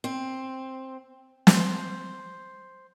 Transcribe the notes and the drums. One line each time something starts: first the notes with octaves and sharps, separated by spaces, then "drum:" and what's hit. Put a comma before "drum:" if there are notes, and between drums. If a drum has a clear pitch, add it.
C4
C5, drum: snare